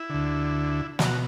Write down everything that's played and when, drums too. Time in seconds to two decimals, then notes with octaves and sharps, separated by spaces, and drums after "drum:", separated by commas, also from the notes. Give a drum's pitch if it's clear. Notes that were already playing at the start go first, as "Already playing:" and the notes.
Already playing: E4
0.10 D2 D3
0.99 B2 F#4, drum: snare